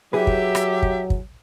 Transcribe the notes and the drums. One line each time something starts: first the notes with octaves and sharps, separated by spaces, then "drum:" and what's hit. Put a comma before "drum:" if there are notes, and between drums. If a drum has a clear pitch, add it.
F#3 E4 G4 G#4 B4 E5
drum: kick
drum: rim click
drum: kick
drum: kick